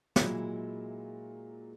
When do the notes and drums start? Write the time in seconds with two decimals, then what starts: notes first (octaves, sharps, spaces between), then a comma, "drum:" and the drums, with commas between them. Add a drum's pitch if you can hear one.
0.16 A#2 F#3 G#3 E4, drum: snare